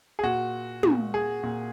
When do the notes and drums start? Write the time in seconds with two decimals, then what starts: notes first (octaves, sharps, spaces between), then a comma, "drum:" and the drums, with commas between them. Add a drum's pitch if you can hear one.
0.19 G#4
0.23 A#2 F#4
0.83 A#2, drum: tom
1.14 G#4
1.43 A#2